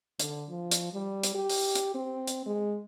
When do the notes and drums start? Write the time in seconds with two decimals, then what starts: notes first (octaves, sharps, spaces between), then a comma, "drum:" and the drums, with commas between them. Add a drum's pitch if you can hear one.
0.20 D3, drum: hi-hat
0.49 F3
0.71 drum: hi-hat
0.93 G3
1.23 drum: hi-hat
1.35 G4
1.49 drum: open hi-hat
1.75 drum: hi-hat
1.94 C4
2.27 drum: hi-hat
2.46 G#3